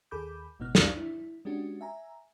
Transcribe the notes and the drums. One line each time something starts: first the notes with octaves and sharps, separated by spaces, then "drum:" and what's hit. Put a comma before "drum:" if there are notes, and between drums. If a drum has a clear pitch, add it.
D#2 G#4 A4 B5 D6 G6
G1 G#2 B2 B3 D#4 F6
C2 F2 F3 B4 D5 F5, drum: snare
E4
G#3 C#4 D4 F#4 G4
E5 G#5 A#5